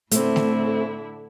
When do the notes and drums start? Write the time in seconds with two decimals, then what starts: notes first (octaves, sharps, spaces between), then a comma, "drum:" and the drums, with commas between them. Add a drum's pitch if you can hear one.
0.11 A2 D3 A3 C4 E4, drum: hi-hat
0.36 drum: snare A3